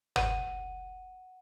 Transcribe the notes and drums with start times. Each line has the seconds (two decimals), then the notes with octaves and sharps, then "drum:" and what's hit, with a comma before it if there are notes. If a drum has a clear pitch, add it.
0.16 F#5 D#7, drum: tom